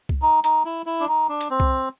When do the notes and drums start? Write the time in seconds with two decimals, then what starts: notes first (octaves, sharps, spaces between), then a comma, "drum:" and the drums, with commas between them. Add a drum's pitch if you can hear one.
0.09 drum: kick C2
0.22 D#4
0.44 D#4, drum: hi-hat
0.65 E4
0.86 E4
1.00 D4
1.08 D#4
1.29 D4
1.41 drum: hi-hat
1.50 C4
1.60 drum: kick C2